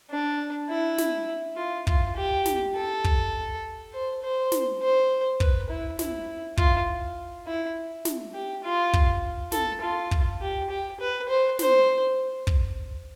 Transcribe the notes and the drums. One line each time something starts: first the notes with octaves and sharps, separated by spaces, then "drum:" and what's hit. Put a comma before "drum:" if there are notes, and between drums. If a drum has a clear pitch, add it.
D4
E4
drum: snare
F4
F4, drum: kick
G4
drum: snare
A4
drum: kick
C5
C5
drum: snare
C5
B4, drum: kick
E4
E4, drum: snare
F4, drum: kick
E4
drum: snare
G4
F4
drum: kick
A4, drum: snare
F4
drum: kick
G4
G4
B4
C5
C5, drum: snare
drum: kick